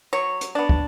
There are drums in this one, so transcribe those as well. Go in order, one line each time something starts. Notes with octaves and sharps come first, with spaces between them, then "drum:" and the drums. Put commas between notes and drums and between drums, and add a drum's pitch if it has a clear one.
F#3 C#5
drum: hi-hat
B3 D4
drum: kick